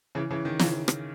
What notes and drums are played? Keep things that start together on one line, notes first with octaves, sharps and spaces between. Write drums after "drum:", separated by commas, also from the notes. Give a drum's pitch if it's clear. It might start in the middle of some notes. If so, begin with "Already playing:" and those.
C#3 E3
C#3 E3
D#3
C#3 E3, drum: snare
drum: rim click